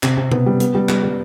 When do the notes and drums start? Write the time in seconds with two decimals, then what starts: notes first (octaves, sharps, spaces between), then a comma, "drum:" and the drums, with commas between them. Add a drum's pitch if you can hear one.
0.03 C3, drum: clap
0.17 C3
0.32 B3, drum: tom B2
0.46 G3
0.60 B3, drum: hi-hat
0.75 G3
0.89 G3, drum: clap
1.03 G3